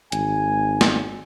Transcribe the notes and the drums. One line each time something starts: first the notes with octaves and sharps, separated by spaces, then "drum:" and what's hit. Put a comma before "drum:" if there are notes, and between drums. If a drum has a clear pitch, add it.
G#1 G#5, drum: hi-hat
drum: snare